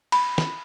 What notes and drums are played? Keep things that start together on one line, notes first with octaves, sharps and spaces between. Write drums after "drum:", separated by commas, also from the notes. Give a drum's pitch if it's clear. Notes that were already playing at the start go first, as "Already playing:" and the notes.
B5, drum: cymbal
drum: snare